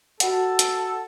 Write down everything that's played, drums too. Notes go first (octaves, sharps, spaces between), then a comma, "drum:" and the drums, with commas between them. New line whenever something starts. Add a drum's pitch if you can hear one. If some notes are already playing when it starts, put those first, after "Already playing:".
F#4 A4 F#5, drum: hi-hat
drum: hi-hat